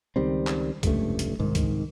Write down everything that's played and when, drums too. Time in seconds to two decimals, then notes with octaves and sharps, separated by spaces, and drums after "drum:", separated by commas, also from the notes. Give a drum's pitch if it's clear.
0.16 C#2 D#3 G3 C4
0.47 drum: clap
0.83 F1 C#2 G2 A3, drum: kick, hi-hat
1.19 drum: hi-hat
1.39 C2 G#2 D#3
1.55 drum: kick, hi-hat